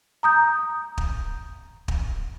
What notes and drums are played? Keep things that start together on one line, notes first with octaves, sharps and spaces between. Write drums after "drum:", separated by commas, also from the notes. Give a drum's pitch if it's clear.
A#5 D#6 G6
drum: kick
drum: kick